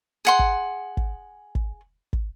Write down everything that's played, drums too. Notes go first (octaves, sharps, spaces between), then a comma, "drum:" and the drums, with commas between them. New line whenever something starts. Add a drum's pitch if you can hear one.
G#4 F#5 C6
drum: kick
drum: kick
drum: kick
drum: kick